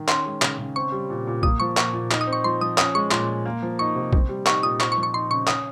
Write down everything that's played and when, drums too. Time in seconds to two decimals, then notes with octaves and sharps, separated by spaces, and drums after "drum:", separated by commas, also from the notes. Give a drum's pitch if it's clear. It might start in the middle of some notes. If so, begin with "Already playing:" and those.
Already playing: D#3
0.08 C#4 C6, drum: clap
0.26 G#3
0.42 C#3, drum: clap
0.58 C#3
0.76 C4 C#6
0.92 G3
1.10 A#2
1.27 A#2
1.43 A#3 D#6, drum: kick A#1
1.60 F3 C#6
1.77 A#2 C#6, drum: clap
1.93 A#2
2.11 D#4, drum: clap
2.21 D#6
2.27 C4
2.33 C#6
2.44 F3 C6
2.61 F3 D#6
2.78 C#4 D#6, drum: clap
2.95 G#3 C#6
3.11 A#2 C6, drum: clap
3.28 A#2
3.46 A#3
3.62 F3
3.79 D#4 C#6
3.95 C3
4.13 C4, drum: kick A#1
4.29 G3
4.46 D#4 C#6, drum: clap
4.63 A#2 D#6
4.80 C4 C#6, drum: clap
4.92 C#6
4.97 F3
5.03 C#6
5.14 D#4 C6
5.30 C#3 C#6
5.47 C#4 D#6, drum: clap